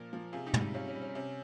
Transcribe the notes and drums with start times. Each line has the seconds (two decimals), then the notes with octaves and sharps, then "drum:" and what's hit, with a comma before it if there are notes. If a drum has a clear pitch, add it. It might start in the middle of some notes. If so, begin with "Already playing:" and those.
Already playing: A#2 F3 A#4
0.13 F3
0.33 C3 F4 G#4
0.47 D#4 G4
0.54 G3, drum: tom
0.60 D#4 G4
0.74 C3 C#4 F4
0.88 C#4
0.95 G3
1.02 C#4
1.15 C3 C#4